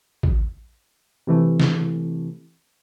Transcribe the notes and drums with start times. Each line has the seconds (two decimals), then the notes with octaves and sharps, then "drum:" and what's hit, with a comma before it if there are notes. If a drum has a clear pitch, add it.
0.23 drum: kick A1
1.27 C3 E3 A3
1.60 drum: snare